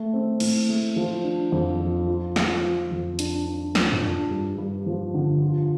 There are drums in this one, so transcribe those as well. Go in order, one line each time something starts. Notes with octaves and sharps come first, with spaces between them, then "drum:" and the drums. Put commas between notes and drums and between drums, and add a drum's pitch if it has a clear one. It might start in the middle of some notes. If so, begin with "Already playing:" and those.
Already playing: A3
C4
A2, drum: cymbal
A3
F3
D4
F2
F3
F4
F3, drum: snare
F4
F2
D4, drum: hi-hat
D4
F4, drum: snare
drum: tom F2
D4
G2
G2
F3
D3
F4